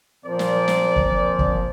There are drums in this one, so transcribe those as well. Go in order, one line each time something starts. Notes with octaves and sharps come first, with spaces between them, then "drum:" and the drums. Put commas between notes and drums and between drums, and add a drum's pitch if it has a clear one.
A#2 F3 C4 A#4 D5
drum: snare
drum: snare
drum: kick
drum: kick